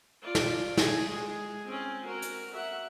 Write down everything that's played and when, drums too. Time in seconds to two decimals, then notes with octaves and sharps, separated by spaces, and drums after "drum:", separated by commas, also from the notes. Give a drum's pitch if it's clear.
0.22 F4 D5
0.35 drum: snare
0.77 G#4, drum: snare
1.10 G#3 G#4
1.67 C4 C#4
2.05 F#4 A#4
2.22 drum: hi-hat
2.54 E5 F#5